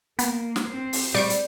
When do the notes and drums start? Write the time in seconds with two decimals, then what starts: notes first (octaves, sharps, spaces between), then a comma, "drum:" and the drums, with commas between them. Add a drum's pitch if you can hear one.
0.19 A#3 B3, drum: hi-hat
0.56 drum: snare
0.68 C4 C5
0.93 drum: open hi-hat
1.15 G3 D5 C#6 D7
1.30 drum: hi-hat